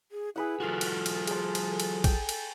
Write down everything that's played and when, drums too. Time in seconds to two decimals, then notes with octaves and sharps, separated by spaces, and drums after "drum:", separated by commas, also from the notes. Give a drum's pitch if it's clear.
0.12 G#4
0.36 E4 G#4 B4 F#5
0.60 F#3 F4 F#4 A4
0.81 drum: cymbal
1.06 drum: cymbal
1.27 G#4 C5 A5, drum: cymbal
1.55 drum: cymbal
1.66 A4
1.80 drum: cymbal
2.04 G5 G#5, drum: kick, cymbal
2.29 drum: cymbal